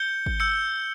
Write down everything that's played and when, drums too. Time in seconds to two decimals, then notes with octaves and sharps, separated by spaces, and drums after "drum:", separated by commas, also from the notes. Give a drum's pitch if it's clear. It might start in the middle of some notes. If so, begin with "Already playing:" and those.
Already playing: G6 C#7 G7
0.26 drum: kick G#1
0.40 E6 G6 C#7